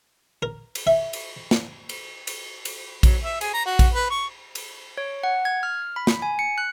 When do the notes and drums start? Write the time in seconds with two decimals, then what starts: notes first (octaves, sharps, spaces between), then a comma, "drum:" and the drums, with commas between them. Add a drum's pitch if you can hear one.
0.43 A#4
0.75 drum: cymbal
0.87 E5
1.13 drum: cymbal
1.51 drum: snare
1.89 drum: cymbal
2.27 drum: cymbal
2.65 drum: cymbal
3.03 F#3, drum: kick A#1, cymbal
3.23 E5
3.41 G#4, drum: cymbal
3.54 A#5
3.66 F#4
3.79 drum: kick A#1, cymbal
3.94 B4
4.10 C#6
4.55 drum: cymbal
4.97 C#5
5.24 F#5
5.45 G#6
5.63 F6
5.96 B5
6.07 drum: snare
6.22 G#5
6.39 C#7
6.58 F#6